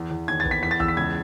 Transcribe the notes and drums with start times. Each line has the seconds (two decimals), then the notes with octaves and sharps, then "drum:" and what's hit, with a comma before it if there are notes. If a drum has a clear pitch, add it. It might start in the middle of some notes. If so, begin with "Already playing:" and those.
Already playing: E2
0.11 E2
0.28 D#2 G#6
0.40 A6
0.45 B3, drum: kick
0.51 B6
0.62 E2 B6
0.71 A6
0.80 E2 E6, drum: kick
0.88 B6
0.97 C#2 G#6